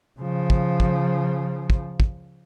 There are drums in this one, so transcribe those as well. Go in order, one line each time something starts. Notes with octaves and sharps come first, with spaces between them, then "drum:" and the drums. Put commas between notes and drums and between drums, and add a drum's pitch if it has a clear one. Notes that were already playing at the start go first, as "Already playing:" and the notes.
C#3 F3
drum: kick
drum: kick
drum: kick
drum: kick